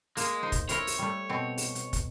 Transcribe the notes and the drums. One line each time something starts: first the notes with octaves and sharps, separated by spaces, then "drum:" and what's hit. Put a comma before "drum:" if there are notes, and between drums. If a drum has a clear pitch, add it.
G#3 A#3, drum: open hi-hat
D#4 C5
drum: kick, hi-hat
E4 A#4 C5 C#5, drum: hi-hat
drum: open hi-hat
G3 A3
B2 C4
drum: open hi-hat
drum: hi-hat
drum: kick, hi-hat